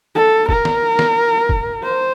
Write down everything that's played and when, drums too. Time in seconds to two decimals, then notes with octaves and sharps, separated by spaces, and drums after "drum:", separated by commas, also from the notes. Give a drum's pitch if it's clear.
0.15 A4
0.49 A#4, drum: kick
0.65 drum: snare
0.99 drum: snare
1.49 drum: kick
1.83 C5